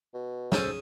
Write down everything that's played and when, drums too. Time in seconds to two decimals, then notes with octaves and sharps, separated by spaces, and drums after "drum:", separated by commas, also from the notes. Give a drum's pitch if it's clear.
0.14 B2
0.52 C#3 C#4 A4 C5 D#6, drum: snare